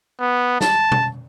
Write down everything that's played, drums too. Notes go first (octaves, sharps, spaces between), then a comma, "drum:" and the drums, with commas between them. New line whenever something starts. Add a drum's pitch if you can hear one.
B3
A5, drum: snare
drum: tom B2